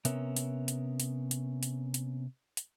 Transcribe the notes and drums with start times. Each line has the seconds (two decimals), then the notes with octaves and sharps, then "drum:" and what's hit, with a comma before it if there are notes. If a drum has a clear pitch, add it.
0.05 C3 B3 C#4 A#4 E5, drum: hi-hat
0.37 drum: hi-hat
0.68 drum: hi-hat
1.00 drum: hi-hat
1.31 drum: hi-hat
1.63 drum: hi-hat
1.94 drum: hi-hat
2.57 drum: hi-hat